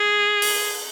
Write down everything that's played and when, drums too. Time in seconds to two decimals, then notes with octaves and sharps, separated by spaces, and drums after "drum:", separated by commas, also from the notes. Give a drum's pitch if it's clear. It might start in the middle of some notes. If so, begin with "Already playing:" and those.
Already playing: G#4
0.42 drum: open hi-hat